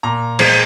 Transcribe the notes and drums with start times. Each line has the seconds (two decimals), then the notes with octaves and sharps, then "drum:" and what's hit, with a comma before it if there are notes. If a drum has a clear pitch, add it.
0.03 A#2 A#5
0.39 F3 G#3, drum: cymbal